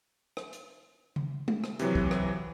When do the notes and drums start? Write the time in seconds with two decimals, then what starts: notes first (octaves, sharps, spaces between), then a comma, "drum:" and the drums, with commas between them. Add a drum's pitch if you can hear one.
0.37 drum: rim click
0.53 drum: hi-hat
1.16 drum: tom C#3
1.48 drum: tom G#3
1.64 drum: rim click
1.79 C3 E3 F#3, drum: hi-hat
1.95 drum: kick
2.11 drum: rim click